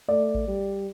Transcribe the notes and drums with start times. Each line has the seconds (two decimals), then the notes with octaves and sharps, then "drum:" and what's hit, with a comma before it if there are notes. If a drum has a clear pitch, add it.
0.09 A3 D5
0.35 drum: kick A1
0.47 G3